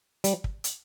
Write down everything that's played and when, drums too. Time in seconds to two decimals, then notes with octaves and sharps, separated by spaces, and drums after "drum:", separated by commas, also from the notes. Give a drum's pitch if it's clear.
0.24 G3, drum: hi-hat
0.44 drum: kick
0.64 drum: hi-hat